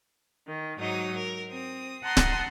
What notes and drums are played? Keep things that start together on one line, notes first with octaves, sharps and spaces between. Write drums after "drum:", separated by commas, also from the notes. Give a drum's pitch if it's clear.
D#3
G#2 F#3 D#4 D#6
A#4
C4 D#6
F#5 A5 A#5 C6 D#6
drum: snare D1